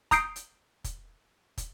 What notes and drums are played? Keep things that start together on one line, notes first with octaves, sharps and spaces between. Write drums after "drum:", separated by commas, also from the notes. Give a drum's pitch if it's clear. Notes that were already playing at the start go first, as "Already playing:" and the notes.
A#5 D#6 G6 C7 D7, drum: kick, hi-hat
drum: hi-hat
drum: kick, hi-hat
drum: kick, hi-hat